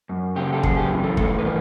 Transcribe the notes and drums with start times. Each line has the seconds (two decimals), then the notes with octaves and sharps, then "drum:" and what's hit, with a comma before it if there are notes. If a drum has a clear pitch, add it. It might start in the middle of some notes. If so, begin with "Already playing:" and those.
0.09 F#2
0.36 C#3 G4
0.53 A4
0.63 F#2 G#4, drum: kick
0.77 G4
0.90 E3
1.04 A4
1.17 A2 A4, drum: kick
1.39 B4
1.44 E3 A#4